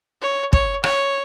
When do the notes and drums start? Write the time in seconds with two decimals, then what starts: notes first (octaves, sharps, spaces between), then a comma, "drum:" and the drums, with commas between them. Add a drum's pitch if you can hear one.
0.22 C#5
0.53 C#5, drum: kick
0.84 C#5, drum: rim click